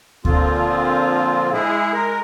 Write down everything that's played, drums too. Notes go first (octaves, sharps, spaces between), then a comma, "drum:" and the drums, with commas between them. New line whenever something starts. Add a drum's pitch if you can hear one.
A#2 D3 F3 C4 F4, drum: kick D2
G#3 E4 G#4
G#3 A#4